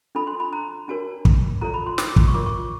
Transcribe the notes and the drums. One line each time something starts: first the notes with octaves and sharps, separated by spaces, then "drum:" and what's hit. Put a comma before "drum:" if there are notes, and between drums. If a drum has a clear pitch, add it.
D4 F4 A4 B5
C6
B5
A#5
D4 F#4 A#4 C#5 A5
drum: kick
F4 A4 C#5 A#5
B5
C6
D6, drum: snare
drum: kick
C#6
F4 A#4 C#5 D6
C#6